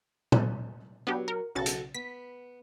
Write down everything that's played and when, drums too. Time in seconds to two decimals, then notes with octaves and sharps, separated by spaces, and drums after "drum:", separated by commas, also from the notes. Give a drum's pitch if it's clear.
0.32 drum: tom A#2
1.07 F#3 B3 D4 G4
1.28 A#4
1.55 B1 C#3 F#4 A4 A6
1.66 drum: hi-hat
1.95 B3 B6